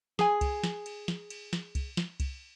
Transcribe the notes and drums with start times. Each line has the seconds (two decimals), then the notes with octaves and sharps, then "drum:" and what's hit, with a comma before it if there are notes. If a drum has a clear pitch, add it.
0.19 G#4 G#5, drum: snare
0.41 drum: kick C2, cymbal
0.64 drum: snare
0.86 drum: cymbal
1.08 drum: snare
1.30 drum: cymbal
1.53 drum: snare
1.75 drum: kick C2, cymbal
1.97 drum: snare
2.20 drum: kick C2, cymbal